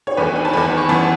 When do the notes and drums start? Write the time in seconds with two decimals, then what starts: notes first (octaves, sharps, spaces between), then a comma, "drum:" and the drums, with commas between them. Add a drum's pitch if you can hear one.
0.07 C#5, drum: cymbal
0.17 E2 D#3 A3 B4
0.36 G#5
0.45 A5
0.53 E2 D#3 A3 B5
0.78 C#6
0.89 F#2 E3 B3 A5